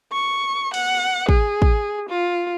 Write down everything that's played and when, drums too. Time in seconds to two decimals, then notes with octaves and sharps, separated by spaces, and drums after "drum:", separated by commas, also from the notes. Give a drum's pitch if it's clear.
0.12 C#6
0.74 F#5, drum: cymbal
1.29 G#4, drum: kick
1.62 drum: kick
2.09 F4